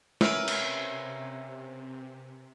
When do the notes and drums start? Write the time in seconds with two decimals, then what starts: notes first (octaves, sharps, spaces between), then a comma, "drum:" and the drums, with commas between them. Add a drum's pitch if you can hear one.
0.21 C3 C#4 A#4 B4 E5 E6, drum: snare
0.48 drum: cymbal